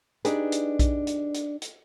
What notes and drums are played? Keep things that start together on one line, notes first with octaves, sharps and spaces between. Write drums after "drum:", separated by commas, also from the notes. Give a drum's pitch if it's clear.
D4 D#4 G4 G#4 B4, drum: hi-hat
drum: hi-hat
drum: kick A#1, hi-hat
drum: hi-hat
drum: hi-hat
drum: hi-hat